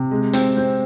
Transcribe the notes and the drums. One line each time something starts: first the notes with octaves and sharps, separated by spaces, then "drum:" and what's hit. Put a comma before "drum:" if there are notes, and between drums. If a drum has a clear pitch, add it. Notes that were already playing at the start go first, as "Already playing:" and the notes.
Already playing: C3
G#3
C4, drum: hi-hat
C4